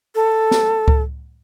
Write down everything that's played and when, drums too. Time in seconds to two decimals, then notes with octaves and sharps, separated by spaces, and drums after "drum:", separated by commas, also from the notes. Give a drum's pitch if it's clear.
0.15 A4
0.51 drum: snare
0.88 drum: kick C#2